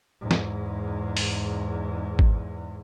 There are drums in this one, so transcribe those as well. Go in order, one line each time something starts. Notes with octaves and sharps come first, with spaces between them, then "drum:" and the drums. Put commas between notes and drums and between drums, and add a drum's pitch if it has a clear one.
E2 G#2
drum: snare
drum: open hi-hat
drum: kick G#1